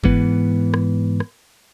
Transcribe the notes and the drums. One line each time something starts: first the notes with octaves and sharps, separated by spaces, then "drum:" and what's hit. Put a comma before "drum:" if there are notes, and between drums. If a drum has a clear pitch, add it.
G#2 E3 B3, drum: kick G1
drum: rim click
drum: rim click